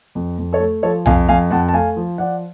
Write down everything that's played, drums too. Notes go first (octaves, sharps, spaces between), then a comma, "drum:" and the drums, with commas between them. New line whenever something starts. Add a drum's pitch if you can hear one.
F2
F2
A4 C#5
A3
F3 A4 C#5
F2 F5 G#5, drum: tom B1
F2 F5 G#5
F2 F#5 A5
A5
A3 F5 G#5
F3
F3 D5 F#5